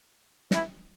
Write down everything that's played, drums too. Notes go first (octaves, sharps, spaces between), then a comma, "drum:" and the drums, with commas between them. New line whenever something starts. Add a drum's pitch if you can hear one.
E3 E4, drum: snare